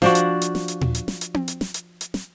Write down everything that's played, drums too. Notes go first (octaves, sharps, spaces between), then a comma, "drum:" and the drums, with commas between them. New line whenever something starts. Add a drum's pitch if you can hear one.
F3 D4 F#4, drum: snare
drum: hi-hat
drum: hi-hat
drum: snare
drum: hi-hat
drum: tom A#2
drum: hi-hat
drum: snare
drum: hi-hat
drum: tom C4
drum: hi-hat
drum: snare
drum: hi-hat
drum: hi-hat
drum: snare